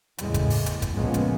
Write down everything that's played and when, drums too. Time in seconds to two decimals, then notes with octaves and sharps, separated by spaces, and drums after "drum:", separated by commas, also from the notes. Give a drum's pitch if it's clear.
0.18 E2 A2 C#3 G#3, drum: hi-hat
0.34 drum: kick, hi-hat
0.50 drum: open hi-hat
0.66 drum: hi-hat
0.82 drum: kick, hi-hat
0.94 C#2 A#2 F3 G#3 B3 C#4
1.14 drum: hi-hat